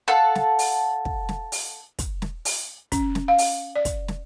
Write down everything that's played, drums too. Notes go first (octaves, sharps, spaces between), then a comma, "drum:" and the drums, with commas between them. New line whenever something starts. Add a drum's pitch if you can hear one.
A4 F5 F#5
drum: snare
drum: open hi-hat
drum: kick
drum: snare
drum: open hi-hat
drum: kick, hi-hat
drum: snare
drum: open hi-hat
C#4, drum: kick, hi-hat
drum: snare
F5
drum: open hi-hat
D5
drum: kick, hi-hat
drum: snare